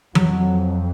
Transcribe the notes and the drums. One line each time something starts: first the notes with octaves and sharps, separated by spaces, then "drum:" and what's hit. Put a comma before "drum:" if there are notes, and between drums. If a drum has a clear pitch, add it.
F2 F#3, drum: tom E3